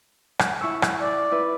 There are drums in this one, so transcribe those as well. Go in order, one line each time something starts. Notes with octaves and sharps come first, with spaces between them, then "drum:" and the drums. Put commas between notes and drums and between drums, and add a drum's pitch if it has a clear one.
drum: rim click
E4 C#6 E6
drum: rim click
D5
E4 B4